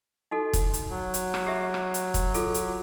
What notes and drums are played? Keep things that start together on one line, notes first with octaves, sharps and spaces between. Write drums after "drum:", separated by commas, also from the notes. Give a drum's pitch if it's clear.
D#4 F#4 A4
drum: kick, hi-hat
drum: hi-hat
F#3
drum: hi-hat
drum: rim click
G4 G#4 E5
drum: rim click
drum: hi-hat
drum: kick, hi-hat
F4 G#4 A4, drum: hi-hat
drum: hi-hat